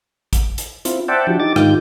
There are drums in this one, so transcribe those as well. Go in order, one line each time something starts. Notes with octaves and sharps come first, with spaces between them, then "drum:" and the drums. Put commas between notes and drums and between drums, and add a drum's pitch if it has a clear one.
drum: kick, hi-hat
drum: hi-hat
C4 E4 F4, drum: hi-hat
C5 D5 E5 F#5 G5 A5
F3 D4 E4 F#4 G4
D#4 G4 D6 A6
G#2 D#3 D#4 F4 G4 G6, drum: rim click